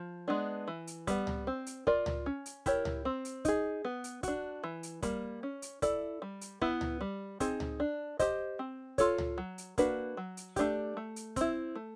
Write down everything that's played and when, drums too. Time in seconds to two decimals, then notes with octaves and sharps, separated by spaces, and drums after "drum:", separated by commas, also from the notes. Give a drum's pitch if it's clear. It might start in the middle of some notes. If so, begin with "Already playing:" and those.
Already playing: F3
0.28 G#3 B3 D4
0.68 E3
0.87 drum: hi-hat
1.07 G3 B3, drum: kick, hi-hat
1.27 drum: tom C#2
1.47 C4
1.66 drum: hi-hat
1.87 F4 A#4 D5, drum: kick
2.06 drum: tom C#2
2.26 C#4
2.46 drum: hi-hat
2.66 E4 G4 A#4 C#5, drum: kick, hi-hat
2.85 drum: tom C#2
3.05 C4
3.25 drum: hi-hat
3.45 D#4 G#4, drum: kick, hi-hat
3.85 B3
4.04 drum: hi-hat
4.23 D4 F#4, drum: kick, hi-hat
4.64 E3
4.83 drum: hi-hat
5.02 G3 A#3, drum: kick, hi-hat
5.43 C#4
5.62 drum: hi-hat
5.82 E4 A4 D5, drum: kick, hi-hat
6.22 G3
6.41 drum: hi-hat
6.61 B3 E4, drum: kick
6.81 drum: tom C#2
7.01 G3
7.40 C4 D#4 G#4, drum: kick, hi-hat
7.60 drum: tom C#2
7.80 D4
8.19 G4 C5 D#5, drum: kick, hi-hat
8.59 C4
8.98 F4 A4 C#5, drum: kick, hi-hat
9.18 drum: tom C#2
9.38 F#3
9.58 drum: hi-hat
9.78 A#3 D4 F#4 B4, drum: kick, hi-hat
10.17 F#3
10.37 drum: hi-hat
10.56 A3 D4 G4, drum: kick, hi-hat
10.97 A3
11.16 drum: hi-hat
11.36 C4 E4, drum: kick, hi-hat
11.75 A3